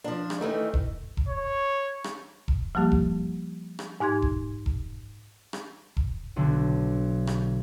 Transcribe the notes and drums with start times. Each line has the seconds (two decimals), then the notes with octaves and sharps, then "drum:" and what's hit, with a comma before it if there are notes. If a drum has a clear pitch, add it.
0.04 F3 D4
0.30 drum: rim click
0.40 D#3 E3 A3 D#4
0.74 drum: kick E1
1.17 drum: kick E1
1.28 C#5
2.04 drum: rim click
2.48 drum: kick E1
2.75 F3 G3 A#3 G4
2.91 drum: kick E1
3.79 drum: rim click
4.00 G#2 D#4 G4 C6 G#6
4.22 drum: kick E1
4.66 drum: kick E1
5.53 drum: rim click
5.97 drum: kick E1
6.36 B1 D3
7.27 drum: rim click